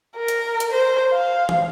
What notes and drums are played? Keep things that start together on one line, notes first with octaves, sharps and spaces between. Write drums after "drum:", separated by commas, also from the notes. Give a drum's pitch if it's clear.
A#4
drum: hi-hat
drum: hi-hat
C5
F5
drum: tom